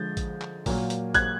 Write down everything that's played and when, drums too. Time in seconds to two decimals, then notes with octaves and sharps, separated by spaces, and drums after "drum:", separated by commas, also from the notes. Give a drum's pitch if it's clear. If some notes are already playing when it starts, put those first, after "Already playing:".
Already playing: D3 F3 G#3 G6 A6
0.17 drum: kick A1, hi-hat
0.41 drum: clap
0.66 A#2 F#3 A#3, drum: kick A1, open hi-hat
0.90 drum: hi-hat
1.14 F#6 G#6, drum: kick A1, hi-hat